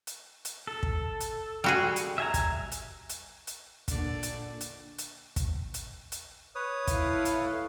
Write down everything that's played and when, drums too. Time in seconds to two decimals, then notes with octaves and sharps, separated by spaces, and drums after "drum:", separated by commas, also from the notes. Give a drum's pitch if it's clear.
0.07 drum: hi-hat
0.45 drum: hi-hat
0.67 A4
0.83 drum: kick
1.21 drum: hi-hat
1.64 G3 F#4 G#4
1.96 drum: hi-hat
2.18 E5 G#5 A#5
2.34 drum: kick, hi-hat
2.72 drum: hi-hat
3.10 drum: hi-hat
3.47 drum: hi-hat
3.88 A#2 D3 D5, drum: kick, hi-hat
4.23 drum: hi-hat
4.61 drum: hi-hat
4.99 drum: hi-hat
5.36 drum: kick, hi-hat
5.74 drum: hi-hat
6.12 drum: hi-hat
6.55 B4 C#5 D#6
6.88 E4 A4 F5, drum: kick, hi-hat
7.25 drum: hi-hat